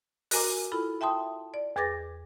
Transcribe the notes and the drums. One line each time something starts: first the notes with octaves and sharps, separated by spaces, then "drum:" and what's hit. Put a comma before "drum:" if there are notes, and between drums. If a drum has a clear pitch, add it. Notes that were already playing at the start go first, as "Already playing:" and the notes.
F#4 A#4 G#5 A#5 D6, drum: open hi-hat
E4 F4 A4 B5
E5 G5 A5 C6 D#6
D5
E2 G#4 B4 D6 A6 A#6